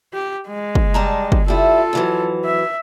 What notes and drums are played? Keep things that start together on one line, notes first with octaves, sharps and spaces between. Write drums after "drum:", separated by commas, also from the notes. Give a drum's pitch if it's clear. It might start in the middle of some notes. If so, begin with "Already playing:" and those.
G4
G#3
drum: kick
G3 A5 A#5
drum: kick
G3 E4 F4 A4
F2 E3 F#3
E5